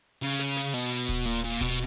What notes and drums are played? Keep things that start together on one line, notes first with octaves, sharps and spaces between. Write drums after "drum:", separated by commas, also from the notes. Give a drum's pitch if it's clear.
C#3
drum: snare
drum: snare
B2
drum: kick D1
A#2
A#2
B2, drum: kick D1